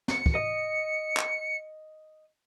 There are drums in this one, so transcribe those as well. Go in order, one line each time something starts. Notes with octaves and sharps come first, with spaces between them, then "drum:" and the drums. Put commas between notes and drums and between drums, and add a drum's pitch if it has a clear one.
C#7, drum: snare
drum: kick
D#5
drum: clap